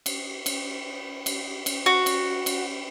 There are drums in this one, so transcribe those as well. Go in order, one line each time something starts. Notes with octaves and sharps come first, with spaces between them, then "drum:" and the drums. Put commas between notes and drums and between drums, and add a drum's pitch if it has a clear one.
drum: cymbal
drum: cymbal
drum: cymbal
drum: cymbal
F#4
drum: cymbal
drum: cymbal